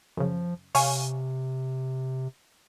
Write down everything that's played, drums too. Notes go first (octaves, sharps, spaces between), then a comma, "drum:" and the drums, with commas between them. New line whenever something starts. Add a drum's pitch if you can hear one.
F#2 C#3 F3
C3 C#5 F5 G#5, drum: open hi-hat